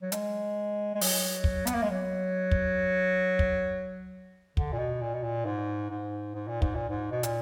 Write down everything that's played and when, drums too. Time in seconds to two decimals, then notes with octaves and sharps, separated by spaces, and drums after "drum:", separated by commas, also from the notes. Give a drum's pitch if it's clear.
0.02 F#3
0.12 G#3, drum: hi-hat
0.95 G#3
1.01 F#3, drum: open hi-hat
1.44 drum: kick
1.67 B3, drum: hi-hat
1.74 A#3
1.83 G#3
1.90 F#3
2.51 drum: kick
3.39 drum: kick
4.57 D3, drum: kick
4.72 A#2
4.78 B2
5.01 A#2
5.14 B2
5.23 A#2
5.45 G#2
5.90 G#2
6.34 G#2
6.48 A#2
6.62 G#2, drum: kick
6.75 A#2
6.89 G#2
7.11 B2
7.23 A#2, drum: hi-hat